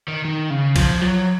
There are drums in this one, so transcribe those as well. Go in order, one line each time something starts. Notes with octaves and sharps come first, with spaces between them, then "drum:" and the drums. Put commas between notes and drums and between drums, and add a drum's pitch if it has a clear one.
D#3
D#3
C#3
F3, drum: kick B1, cymbal
F#3